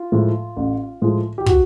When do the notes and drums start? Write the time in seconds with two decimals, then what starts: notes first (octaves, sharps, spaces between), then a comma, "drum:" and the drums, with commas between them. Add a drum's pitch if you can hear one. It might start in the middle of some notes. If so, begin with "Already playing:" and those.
Already playing: F4
0.12 A2 F3 G#3
0.56 A1
1.02 A2 F3 G#3
1.38 G4
1.46 F#4, drum: kick